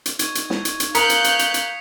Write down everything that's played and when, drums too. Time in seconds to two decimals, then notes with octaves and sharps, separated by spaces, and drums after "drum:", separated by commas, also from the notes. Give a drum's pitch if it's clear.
0.06 drum: hi-hat
0.19 D#4 C#6 G#6, drum: hi-hat
0.35 drum: hi-hat
0.50 drum: snare
0.65 drum: hi-hat
0.80 drum: hi-hat
0.95 A#4 F5 D#6 F#6 G6 B6 C#7, drum: hi-hat
1.09 drum: hi-hat
1.24 drum: hi-hat
1.39 drum: hi-hat
1.54 drum: hi-hat